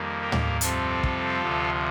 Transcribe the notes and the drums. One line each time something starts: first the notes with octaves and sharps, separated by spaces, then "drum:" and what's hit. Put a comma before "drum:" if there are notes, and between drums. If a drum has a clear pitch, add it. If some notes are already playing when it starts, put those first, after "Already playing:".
Already playing: F2 D#3 G3 A#3
G4 A#4
drum: tom
F2 C3 G3 C4 F4 A4, drum: hi-hat
drum: kick
D2 C3 F3